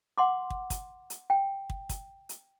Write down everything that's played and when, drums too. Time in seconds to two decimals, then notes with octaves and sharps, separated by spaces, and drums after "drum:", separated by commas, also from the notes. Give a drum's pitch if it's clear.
0.18 F#5 C6 D6
0.50 drum: kick
0.70 drum: kick, hi-hat
1.10 drum: hi-hat
1.30 G5
1.70 drum: kick
1.89 drum: kick, hi-hat
2.29 drum: hi-hat